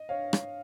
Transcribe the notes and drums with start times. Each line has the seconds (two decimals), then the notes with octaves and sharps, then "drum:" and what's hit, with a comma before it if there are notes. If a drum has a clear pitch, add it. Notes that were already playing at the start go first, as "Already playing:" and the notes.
Already playing: D#5
0.09 C#5 F5
0.33 drum: rim click